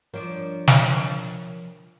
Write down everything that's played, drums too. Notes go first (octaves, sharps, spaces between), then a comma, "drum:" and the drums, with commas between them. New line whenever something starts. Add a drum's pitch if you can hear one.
F3 D4 A#4 C#5 D7
drum: snare